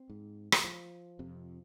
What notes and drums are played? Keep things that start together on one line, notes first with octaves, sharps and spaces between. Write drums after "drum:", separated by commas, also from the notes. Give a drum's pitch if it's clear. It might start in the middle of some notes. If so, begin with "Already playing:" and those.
Already playing: C4
G#2
drum: rim click
F3
F2 C3